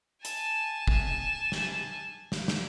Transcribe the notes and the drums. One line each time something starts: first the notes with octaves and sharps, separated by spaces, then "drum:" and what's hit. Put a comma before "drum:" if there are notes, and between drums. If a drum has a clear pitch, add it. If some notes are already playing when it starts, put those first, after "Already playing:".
G#5 A5, drum: hi-hat
drum: kick
drum: snare
drum: snare
drum: snare